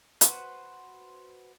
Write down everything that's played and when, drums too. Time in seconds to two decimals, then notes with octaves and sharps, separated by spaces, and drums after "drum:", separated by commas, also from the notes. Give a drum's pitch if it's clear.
0.21 F#4 B4 C5 F#5, drum: hi-hat